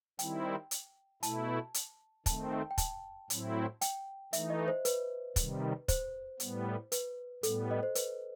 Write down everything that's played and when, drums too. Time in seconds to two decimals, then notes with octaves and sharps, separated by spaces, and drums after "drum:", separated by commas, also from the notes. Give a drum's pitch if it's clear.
0.19 D#3 G3 C4 E4 G5, drum: hi-hat
0.71 drum: hi-hat
1.23 B2 A3 E4 A5, drum: hi-hat
1.74 drum: hi-hat
2.26 D#3 A3 C4 A5, drum: kick, hi-hat
2.52 G5
2.71 G5
2.78 A5, drum: kick, hi-hat
3.30 A2 F#3 C4 E4, drum: hi-hat
3.81 G5, drum: hi-hat
4.33 E3 A3 D#4 E5, drum: hi-hat
4.50 D#5
4.68 C5
4.85 B4, drum: hi-hat
5.36 C3 D#3 G3, drum: kick, hi-hat
5.88 C5, drum: kick, hi-hat
6.40 A2 G3 B3, drum: hi-hat
6.92 B4, drum: hi-hat
7.43 A2 G3 B3 A4, drum: hi-hat
7.71 D#5
7.83 C5
7.95 B4, drum: hi-hat